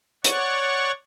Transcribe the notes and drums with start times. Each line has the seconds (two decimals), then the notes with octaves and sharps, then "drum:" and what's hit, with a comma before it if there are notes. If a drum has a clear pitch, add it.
0.24 C#5 D5 F#5 C#6, drum: hi-hat